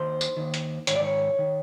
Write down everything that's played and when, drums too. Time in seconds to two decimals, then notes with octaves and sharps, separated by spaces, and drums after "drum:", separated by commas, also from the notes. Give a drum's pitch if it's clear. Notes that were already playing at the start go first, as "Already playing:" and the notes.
Already playing: D#2 D#3 C5
0.21 drum: tambourine
0.37 D#2 D#3
0.54 drum: hi-hat
0.87 G#2 D#3 C#5, drum: hi-hat
0.96 D5
1.04 C#5
1.39 D#3